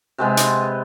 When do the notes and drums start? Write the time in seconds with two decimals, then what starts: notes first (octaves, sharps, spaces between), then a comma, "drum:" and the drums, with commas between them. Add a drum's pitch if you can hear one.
0.18 C3 G#3 B3
0.37 drum: hi-hat